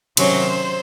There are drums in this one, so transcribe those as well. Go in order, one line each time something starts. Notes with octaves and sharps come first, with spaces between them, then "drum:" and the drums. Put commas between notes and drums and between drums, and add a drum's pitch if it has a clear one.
C3 D#3 F#3 C#4 C5, drum: cymbal